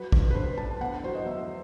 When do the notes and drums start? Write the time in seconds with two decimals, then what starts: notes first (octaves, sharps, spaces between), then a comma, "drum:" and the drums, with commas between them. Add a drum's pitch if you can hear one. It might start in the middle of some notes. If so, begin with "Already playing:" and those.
Already playing: F#3 B4
0.12 G2, drum: kick
0.30 B4
0.35 G2 C5
0.57 G2 A5
0.81 E2 F#5
1.04 F#3 C5
1.15 D#5
1.26 E2 E5